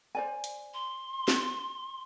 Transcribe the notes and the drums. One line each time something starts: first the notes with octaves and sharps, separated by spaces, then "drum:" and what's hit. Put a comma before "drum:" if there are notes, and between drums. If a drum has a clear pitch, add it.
C5 D5 G#5
drum: hi-hat
C6
drum: snare